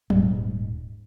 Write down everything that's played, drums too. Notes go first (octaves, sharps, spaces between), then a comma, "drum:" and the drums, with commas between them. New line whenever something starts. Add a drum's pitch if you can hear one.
D#1 G#2, drum: tom F#3